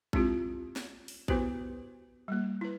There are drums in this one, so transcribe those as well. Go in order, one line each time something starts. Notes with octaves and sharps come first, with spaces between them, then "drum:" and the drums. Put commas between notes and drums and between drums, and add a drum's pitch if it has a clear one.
G#3 C4 D4 E4 F4 G4, drum: kick A#1
drum: snare
drum: open hi-hat
B3 E4 F#4 G4 B4 C5, drum: kick A#1
G3 A#3
E4 B4